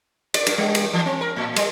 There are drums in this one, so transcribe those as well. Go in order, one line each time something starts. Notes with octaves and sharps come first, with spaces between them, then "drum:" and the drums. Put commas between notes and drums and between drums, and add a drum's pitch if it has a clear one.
D5, drum: cymbal
G2, drum: cymbal
G3
drum: cymbal
E3
C4
A#4
A2
G3, drum: cymbal